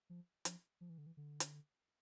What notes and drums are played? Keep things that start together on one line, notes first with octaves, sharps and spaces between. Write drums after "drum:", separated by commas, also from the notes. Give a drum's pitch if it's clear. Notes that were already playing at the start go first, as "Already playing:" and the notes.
F3
F3, drum: hi-hat
F3
E3
D3
E3
D3
drum: hi-hat